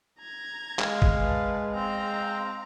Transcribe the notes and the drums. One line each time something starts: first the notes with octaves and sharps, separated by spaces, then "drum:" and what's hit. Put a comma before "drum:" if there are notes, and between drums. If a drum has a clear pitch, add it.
A#5 G#6
G#3 F5, drum: clap
drum: kick
B4 A5
C4 F5 A#5